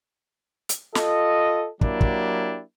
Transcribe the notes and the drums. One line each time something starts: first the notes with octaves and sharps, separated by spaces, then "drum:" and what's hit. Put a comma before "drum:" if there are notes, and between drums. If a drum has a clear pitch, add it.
drum: hi-hat
F4 A4 D#5, drum: snare
F#3 A#3 D4 E4 G4, drum: kick
drum: kick